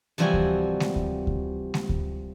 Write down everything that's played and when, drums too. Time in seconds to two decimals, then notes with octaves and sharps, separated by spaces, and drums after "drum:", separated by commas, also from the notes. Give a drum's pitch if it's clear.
0.18 C3 E3 F3 G3 F#4 G#5
0.34 drum: kick D2
0.80 drum: snare G#3
0.96 drum: kick D2
1.27 drum: kick D2
1.74 drum: snare G#3
1.89 drum: kick D2